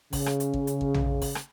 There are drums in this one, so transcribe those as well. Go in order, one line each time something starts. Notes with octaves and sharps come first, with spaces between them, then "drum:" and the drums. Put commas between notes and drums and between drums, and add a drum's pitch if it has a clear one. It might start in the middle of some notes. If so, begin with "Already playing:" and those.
C#3, drum: kick, open hi-hat
drum: rim click
drum: hi-hat
drum: kick
drum: hi-hat
drum: kick
drum: tom A#1
drum: kick, open hi-hat
drum: rim click